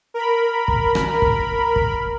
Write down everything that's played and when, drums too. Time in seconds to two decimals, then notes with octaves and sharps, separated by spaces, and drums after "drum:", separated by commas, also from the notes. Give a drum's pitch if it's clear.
0.14 A#4 B5
0.68 drum: kick
0.95 drum: rim click
1.22 drum: kick
1.76 drum: kick